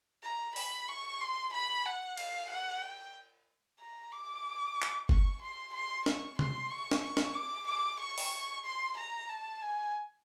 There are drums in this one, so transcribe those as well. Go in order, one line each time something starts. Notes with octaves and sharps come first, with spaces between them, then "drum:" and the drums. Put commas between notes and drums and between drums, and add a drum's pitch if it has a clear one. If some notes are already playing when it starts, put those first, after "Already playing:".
A#5
B5, drum: open hi-hat
C#6
C6
B5
F#5
F5, drum: cymbal
F#5
G5
A#5
D6
drum: clap
C#6, drum: kick F#1
C6
C6
C#6, drum: snare
C6, drum: tom C3
C#6
drum: snare
C#6
drum: snare
D6
D6
C#6
drum: open hi-hat
C6
A#5
A5
G#5